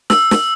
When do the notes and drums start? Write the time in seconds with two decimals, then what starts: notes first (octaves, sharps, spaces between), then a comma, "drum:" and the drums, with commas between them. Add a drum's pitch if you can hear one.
0.10 E6, drum: snare
0.31 drum: snare